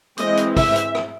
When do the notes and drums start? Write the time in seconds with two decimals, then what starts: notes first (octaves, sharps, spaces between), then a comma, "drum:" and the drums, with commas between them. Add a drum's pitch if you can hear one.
0.18 E3 G#3 C4 D#5, drum: hi-hat
0.37 drum: hi-hat
0.57 E5, drum: kick, open hi-hat
0.76 drum: hi-hat
0.95 drum: rim click